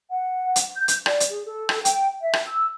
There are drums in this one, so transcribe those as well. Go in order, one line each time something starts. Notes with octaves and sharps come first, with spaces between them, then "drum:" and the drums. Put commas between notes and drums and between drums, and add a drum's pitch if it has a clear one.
F#5
drum: hi-hat
G6
drum: hi-hat
D5, drum: rim click
drum: hi-hat
G#4
A4
drum: rim click
G5, drum: hi-hat
E5
drum: rim click
E6